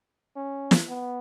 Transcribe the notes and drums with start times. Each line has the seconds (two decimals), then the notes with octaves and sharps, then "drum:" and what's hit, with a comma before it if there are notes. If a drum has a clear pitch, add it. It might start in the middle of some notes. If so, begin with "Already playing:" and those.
0.36 C#4
0.71 drum: snare
0.88 B3